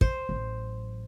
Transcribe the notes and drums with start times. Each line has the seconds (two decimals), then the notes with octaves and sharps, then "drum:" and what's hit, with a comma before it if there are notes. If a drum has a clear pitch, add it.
0.01 C5, drum: kick
0.29 A1 F#3